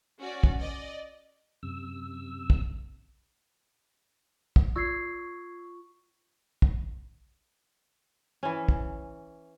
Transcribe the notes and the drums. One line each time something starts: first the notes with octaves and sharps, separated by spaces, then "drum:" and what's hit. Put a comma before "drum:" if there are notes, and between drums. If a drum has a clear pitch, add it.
C#4 F#4 D5
drum: kick
D5 D#5
F#2 C3 E6
drum: kick
drum: kick
F4 C#6 E6 G#6 C7
drum: kick
E3 C#4
drum: kick